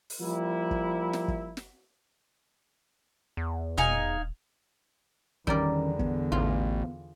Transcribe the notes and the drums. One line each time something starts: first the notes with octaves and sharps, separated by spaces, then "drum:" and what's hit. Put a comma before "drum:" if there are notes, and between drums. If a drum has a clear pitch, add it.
drum: open hi-hat
F3 G3 A#3 E4
drum: kick
drum: snare
drum: kick
drum: snare
E2
D#1 D#4 F5 G#5, drum: tom
E2 D3 D#3 G3 C#4 A#4 D5, drum: kick
B3, drum: kick
A1 F4